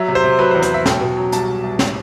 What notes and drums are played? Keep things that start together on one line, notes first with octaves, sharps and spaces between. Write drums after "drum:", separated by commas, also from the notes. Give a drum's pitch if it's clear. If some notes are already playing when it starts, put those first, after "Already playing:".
Already playing: F#3 E5
C3
C5
C3
F#3 B4
C5
E2
C5, drum: hi-hat
F#3 E5
B2 G5, drum: snare
B2
F#3
C2 A5, drum: hi-hat
C2
C2
A2, drum: snare